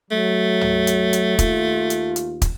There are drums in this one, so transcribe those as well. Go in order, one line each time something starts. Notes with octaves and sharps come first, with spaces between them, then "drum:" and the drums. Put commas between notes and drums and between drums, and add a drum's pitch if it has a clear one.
F#3 A3
drum: tom
drum: hi-hat
drum: hi-hat
D#2 F4, drum: kick, hi-hat
drum: hi-hat
drum: hi-hat
drum: kick, hi-hat